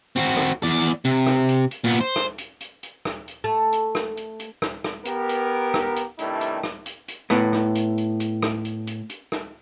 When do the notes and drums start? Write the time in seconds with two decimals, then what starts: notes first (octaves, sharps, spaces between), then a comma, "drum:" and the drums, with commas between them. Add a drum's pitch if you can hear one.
0.16 C4 F#4, drum: hi-hat
0.37 drum: rim click
0.63 E2 D5
0.82 drum: hi-hat
1.05 C3, drum: hi-hat
1.26 drum: rim click
1.49 drum: hi-hat
1.71 drum: hi-hat
1.84 A#2 B3
2.01 C5
2.16 drum: rim click
2.38 drum: hi-hat
2.61 drum: hi-hat
2.83 drum: hi-hat
3.05 drum: rim click
3.28 drum: hi-hat
3.44 A3
3.73 drum: hi-hat
3.95 drum: rim click
4.17 drum: hi-hat
4.40 drum: hi-hat
4.62 drum: rim click
4.84 drum: rim click
5.05 B3 G4 A#4, drum: hi-hat
5.29 drum: hi-hat
5.74 drum: rim click
5.96 drum: hi-hat
6.19 G2 C3 D#3 G3 A3 E4, drum: hi-hat
6.41 drum: hi-hat
6.63 drum: rim click
6.86 drum: hi-hat
7.08 drum: hi-hat
7.30 A2 B3, drum: rim click
7.53 drum: rim click
7.75 drum: hi-hat
7.98 drum: hi-hat
8.20 drum: hi-hat
8.43 drum: rim click
8.65 drum: hi-hat
8.87 drum: hi-hat
9.10 drum: hi-hat
9.32 drum: rim click